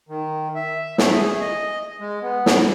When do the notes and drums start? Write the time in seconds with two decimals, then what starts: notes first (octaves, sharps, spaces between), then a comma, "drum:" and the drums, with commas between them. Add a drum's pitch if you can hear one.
0.09 D#3
0.55 E5
0.98 A3, drum: snare
1.13 G#4
1.41 D#5
2.00 G#3
2.22 B3
2.46 drum: snare